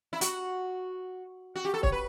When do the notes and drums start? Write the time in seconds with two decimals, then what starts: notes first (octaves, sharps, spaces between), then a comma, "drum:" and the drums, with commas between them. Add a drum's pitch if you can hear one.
0.13 E4
0.21 F#4, drum: hi-hat
1.56 F#4
1.65 G4
1.74 A4
1.83 C#5, drum: kick
1.92 B4